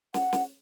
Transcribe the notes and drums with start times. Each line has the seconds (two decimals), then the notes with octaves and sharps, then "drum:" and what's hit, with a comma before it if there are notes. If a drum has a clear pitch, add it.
0.14 F#5, drum: snare
0.33 drum: snare